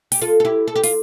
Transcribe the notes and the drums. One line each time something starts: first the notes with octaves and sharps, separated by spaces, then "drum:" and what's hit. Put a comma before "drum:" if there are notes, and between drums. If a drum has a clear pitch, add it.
G4, drum: open hi-hat
F4 A4
A4
E4 G4
A4
G4
F4, drum: open hi-hat